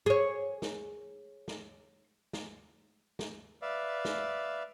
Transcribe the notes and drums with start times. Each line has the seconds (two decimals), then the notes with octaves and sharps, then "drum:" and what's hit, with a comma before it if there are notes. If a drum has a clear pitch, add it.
0.06 G#4 C#5
0.62 drum: snare
1.48 drum: snare
2.33 drum: snare
3.19 drum: snare
3.62 B4 D5 E5 F5
4.05 drum: snare